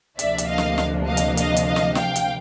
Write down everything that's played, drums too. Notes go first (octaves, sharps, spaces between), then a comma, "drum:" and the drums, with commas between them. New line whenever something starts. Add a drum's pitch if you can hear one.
D2 C3 F3 A#3 D4 D5 E5, drum: hi-hat
drum: hi-hat
D#5 F5
drum: snare
drum: snare
D#5 F5
drum: hi-hat
D#5 F5, drum: hi-hat
drum: hi-hat
D#5 F5
drum: snare
F5 G5, drum: snare
drum: hi-hat